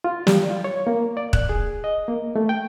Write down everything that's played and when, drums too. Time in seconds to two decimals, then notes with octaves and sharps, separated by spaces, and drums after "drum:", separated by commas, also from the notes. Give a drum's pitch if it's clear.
0.04 F4
0.27 G3, drum: snare
0.50 F4
0.64 C#5
0.87 A#3
1.17 D5
1.33 F#6, drum: kick
1.49 G#4
1.84 D#5
2.08 A#3
2.36 A3
2.49 G5